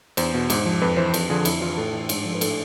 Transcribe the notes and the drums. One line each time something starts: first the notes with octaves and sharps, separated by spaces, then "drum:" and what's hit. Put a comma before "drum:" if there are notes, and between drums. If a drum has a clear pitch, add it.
E2 C5, drum: cymbal
B2
G#2, drum: cymbal
F3
F2 B4
E3 C5
F2 B4, drum: cymbal
D3 F3 G#4
F2 E4, drum: cymbal
E3 F4
A2 A4
E3
G#2, drum: cymbal
F3
B4
A2 A4, drum: cymbal